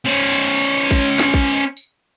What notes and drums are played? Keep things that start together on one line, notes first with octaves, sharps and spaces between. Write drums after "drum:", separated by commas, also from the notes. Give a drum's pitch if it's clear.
C#4 C5, drum: tambourine
drum: tambourine
drum: tambourine
drum: kick, tambourine
drum: snare
drum: kick
drum: tambourine
drum: tambourine